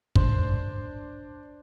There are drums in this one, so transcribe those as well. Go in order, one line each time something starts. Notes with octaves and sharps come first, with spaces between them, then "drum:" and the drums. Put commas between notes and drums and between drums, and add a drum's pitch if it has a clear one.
D4 C5 C6, drum: kick